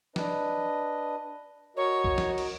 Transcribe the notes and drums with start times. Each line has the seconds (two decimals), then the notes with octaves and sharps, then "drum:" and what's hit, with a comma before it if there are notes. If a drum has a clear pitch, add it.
0.16 D4 B4 D#5, drum: snare
1.77 F#4 A#4 C#5 D#5
2.04 drum: kick
2.18 drum: snare
2.38 drum: cymbal